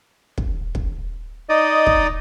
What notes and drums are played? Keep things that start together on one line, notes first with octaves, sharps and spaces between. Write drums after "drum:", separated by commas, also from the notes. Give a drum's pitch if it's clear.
drum: kick
drum: kick
D#4 D5 D#5
drum: kick